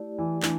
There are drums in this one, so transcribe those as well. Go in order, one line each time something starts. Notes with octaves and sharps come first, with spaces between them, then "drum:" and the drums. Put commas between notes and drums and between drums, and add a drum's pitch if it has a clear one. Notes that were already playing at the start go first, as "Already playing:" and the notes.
Already playing: A3 E4 G4 D5
E3
E3 A3 D4, drum: clap